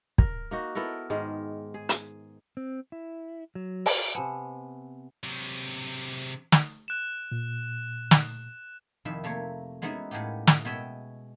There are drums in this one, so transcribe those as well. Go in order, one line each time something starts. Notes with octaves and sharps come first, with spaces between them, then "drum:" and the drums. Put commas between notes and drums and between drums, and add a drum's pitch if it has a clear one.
A#4, drum: kick
A#3 D#4 F#4
B3 E4 A4 A#4
G#2 D#3 G#3
G#4
drum: hi-hat
C4
E4
F#3
drum: open hi-hat
C3 B3 G#5 A5 C#7
C3 F#3
drum: snare
F#6 E7
A#2
drum: snare
F2 C3 D#3 E4 E5
C3 A3 A#3 C#5
G#3 B3 C#4 D#4 E4 F#4
A2 G#3 A#3 B3 G4
drum: snare
B2 G#3 B3 C#5 E5 G5